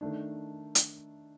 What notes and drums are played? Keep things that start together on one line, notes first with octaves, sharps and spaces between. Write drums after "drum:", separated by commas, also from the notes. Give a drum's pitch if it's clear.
D#3 A3 D4
drum: hi-hat